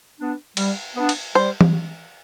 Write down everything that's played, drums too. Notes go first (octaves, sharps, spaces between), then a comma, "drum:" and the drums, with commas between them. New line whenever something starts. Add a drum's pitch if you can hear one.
B3 D4
G3, drum: cymbal
B3 D4
drum: cymbal
G3 C5
drum: tom E3